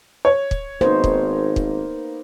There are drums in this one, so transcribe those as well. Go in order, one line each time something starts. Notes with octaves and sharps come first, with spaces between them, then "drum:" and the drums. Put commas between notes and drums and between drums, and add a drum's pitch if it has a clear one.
C#5
drum: kick
G#1 A#3 B3 D#4 C5
drum: kick
drum: kick